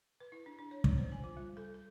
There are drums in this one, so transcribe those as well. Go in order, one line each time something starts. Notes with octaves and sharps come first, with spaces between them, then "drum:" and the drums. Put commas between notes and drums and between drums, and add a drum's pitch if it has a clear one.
B4
E4
D4
D4
C#5
D5, drum: kick
C5
G#5
F4
G3
A4
A4